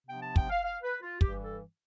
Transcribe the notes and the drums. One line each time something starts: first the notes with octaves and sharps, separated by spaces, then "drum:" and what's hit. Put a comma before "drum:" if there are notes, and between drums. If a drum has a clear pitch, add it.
C3 F3 B3 D4 G5
A5
G5, drum: kick
F5
F5
B4
F4
G2 E3 G3 G4, drum: kick
A4